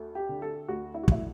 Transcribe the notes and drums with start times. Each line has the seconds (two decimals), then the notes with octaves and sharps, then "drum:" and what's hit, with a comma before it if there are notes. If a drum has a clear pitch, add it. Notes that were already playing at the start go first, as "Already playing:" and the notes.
Already playing: D2 A3
0.15 G4
0.29 D3
0.42 A4
0.68 D2 F#4
0.94 E4
1.03 F#4
1.08 D2 E4, drum: kick